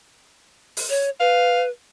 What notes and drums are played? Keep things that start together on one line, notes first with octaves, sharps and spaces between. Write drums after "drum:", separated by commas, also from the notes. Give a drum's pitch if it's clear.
drum: open hi-hat
C#5
B4 F5